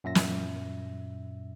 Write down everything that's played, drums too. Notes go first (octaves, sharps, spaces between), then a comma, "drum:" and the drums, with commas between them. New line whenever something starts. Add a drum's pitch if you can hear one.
F#2 A#2 E5 A#6
drum: snare